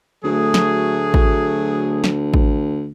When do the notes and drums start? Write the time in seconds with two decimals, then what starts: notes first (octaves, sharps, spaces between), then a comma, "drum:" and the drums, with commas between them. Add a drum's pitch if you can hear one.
0.24 D2 F#3 A3 G#4
0.54 drum: snare
1.14 drum: kick
2.04 drum: snare
2.34 drum: kick